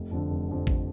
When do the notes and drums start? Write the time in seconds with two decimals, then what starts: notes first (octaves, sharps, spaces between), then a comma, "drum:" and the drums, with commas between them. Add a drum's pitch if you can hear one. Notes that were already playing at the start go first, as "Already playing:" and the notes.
Already playing: F1
0.11 F2 D3
0.30 F1
0.48 F2 D3
0.67 drum: kick